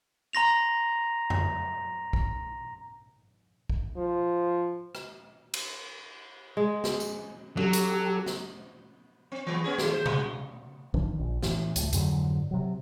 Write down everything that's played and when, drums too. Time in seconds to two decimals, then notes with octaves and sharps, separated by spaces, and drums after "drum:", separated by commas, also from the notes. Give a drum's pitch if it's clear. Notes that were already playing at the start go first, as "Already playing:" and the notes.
0.33 A#5 C6 A#6 F7
1.30 drum: tom F2
2.13 drum: kick
3.70 drum: kick
3.97 F3
4.95 drum: rim click
5.54 drum: cymbal
6.57 G#3
6.84 drum: snare
7.00 drum: tambourine
7.57 F#3 G4 A4, drum: tom F#3
7.73 drum: hi-hat
8.26 drum: snare
9.32 C4
9.47 E3 G#3 B3
9.64 B3 C#4 G#4
9.78 D#3 A3, drum: snare
9.93 C5
10.06 G3 G#3 F#4, drum: tom C3
10.94 D#3 F3 D4, drum: kick
11.19 A#1
11.43 A2 E3, drum: snare
11.76 C#2 G3 A3, drum: hi-hat
11.93 F2 G#2 D3 F#3, drum: hi-hat
12.51 C3 F#3